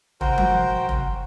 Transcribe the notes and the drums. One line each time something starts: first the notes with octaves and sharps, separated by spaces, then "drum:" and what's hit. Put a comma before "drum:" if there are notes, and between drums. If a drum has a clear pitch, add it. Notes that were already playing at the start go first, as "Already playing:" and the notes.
F#4 A#4 C5 G5, drum: tom
drum: tom
drum: tom